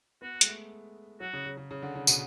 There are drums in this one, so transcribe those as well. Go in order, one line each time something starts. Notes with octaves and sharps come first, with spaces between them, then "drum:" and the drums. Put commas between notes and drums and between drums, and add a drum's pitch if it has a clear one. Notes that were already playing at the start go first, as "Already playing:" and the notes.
B3 F#4
G#3, drum: hi-hat
A3
F#3 F#4
C#3
C#3
C#3
C#3
D3
C#3
B2, drum: tambourine